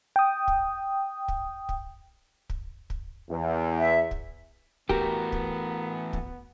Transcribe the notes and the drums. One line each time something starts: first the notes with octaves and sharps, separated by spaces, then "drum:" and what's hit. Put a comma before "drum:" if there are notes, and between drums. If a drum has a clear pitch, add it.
G5 D#6
drum: kick
drum: kick
drum: kick
drum: kick
drum: kick
E2
E5
drum: kick
E3 A3 B3 F#4 G4 A#4 A#5, drum: kick
drum: kick
drum: kick